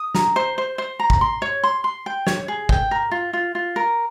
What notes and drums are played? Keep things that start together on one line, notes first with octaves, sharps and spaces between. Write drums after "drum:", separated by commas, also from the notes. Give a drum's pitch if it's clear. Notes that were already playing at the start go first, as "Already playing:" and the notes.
Already playing: D#6
A#5, drum: snare
C5
C5
C5
A#5
drum: kick
C6
C#5
C6
C6
G5
C#5, drum: snare
G#4
G5, drum: kick
A#4
F4
F4
F4
A#4